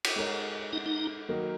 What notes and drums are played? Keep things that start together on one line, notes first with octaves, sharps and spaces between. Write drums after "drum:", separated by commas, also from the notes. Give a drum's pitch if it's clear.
drum: cymbal
G#3 D#4 A#4 C#5
D#4
D#4
D#3 F#3 A#3 D#4 A#4